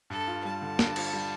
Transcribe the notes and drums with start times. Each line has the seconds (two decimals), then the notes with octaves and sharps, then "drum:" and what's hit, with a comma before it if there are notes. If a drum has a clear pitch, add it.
0.10 G2 A4
0.28 F4
0.45 G3 A5
0.62 D3
0.79 G2, drum: snare
0.96 F4, drum: cymbal
1.13 G3